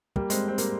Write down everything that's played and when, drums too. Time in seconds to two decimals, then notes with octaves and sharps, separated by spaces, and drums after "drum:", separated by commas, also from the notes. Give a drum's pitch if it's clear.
0.16 G3 A#3, drum: kick
0.30 G#3 C4, drum: hi-hat
0.48 C4
0.58 G3 A#3, drum: hi-hat